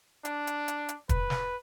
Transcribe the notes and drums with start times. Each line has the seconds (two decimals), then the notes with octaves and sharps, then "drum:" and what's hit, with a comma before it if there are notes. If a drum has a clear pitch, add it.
0.25 D4, drum: hi-hat
0.47 drum: hi-hat
0.68 drum: hi-hat
0.89 drum: hi-hat
1.09 B4, drum: kick, hi-hat
1.30 drum: snare